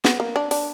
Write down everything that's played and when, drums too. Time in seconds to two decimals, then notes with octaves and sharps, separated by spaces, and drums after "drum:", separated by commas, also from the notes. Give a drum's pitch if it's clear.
0.05 B3, drum: snare
0.20 A#3
0.36 D4
0.51 D4, drum: open hi-hat